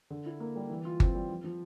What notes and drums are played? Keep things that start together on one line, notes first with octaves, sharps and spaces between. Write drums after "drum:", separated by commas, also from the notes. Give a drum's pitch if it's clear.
D3
E4
A#3
G3
E3
F4
C4, drum: kick G1
G3
F3
F3